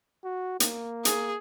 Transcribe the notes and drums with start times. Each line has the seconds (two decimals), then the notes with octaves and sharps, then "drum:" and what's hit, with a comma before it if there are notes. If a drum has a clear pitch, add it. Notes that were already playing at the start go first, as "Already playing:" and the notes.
0.24 F#4
0.60 A#3, drum: hi-hat
1.05 G#4, drum: hi-hat